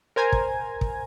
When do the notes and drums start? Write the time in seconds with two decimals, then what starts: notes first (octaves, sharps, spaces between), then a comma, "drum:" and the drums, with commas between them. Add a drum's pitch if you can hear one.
0.16 A#4 C5 G#5 A#5 G#6
0.32 drum: kick
0.81 drum: kick